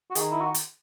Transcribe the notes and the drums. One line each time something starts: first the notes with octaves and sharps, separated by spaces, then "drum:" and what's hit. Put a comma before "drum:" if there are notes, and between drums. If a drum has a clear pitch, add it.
F#4
D#3 G#4, drum: hi-hat
E4
F#4
drum: hi-hat